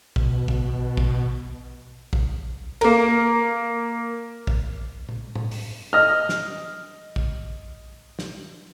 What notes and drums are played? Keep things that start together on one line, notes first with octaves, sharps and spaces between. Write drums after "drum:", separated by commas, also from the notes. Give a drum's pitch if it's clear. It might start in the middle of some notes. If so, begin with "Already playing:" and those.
B2, drum: kick A1
drum: kick A1
drum: kick A1
drum: kick A1
A#3 A#4, drum: cymbal
drum: kick A1
drum: tom
drum: tom A2
drum: open hi-hat
D#5 F6
drum: snare
drum: kick A1
drum: snare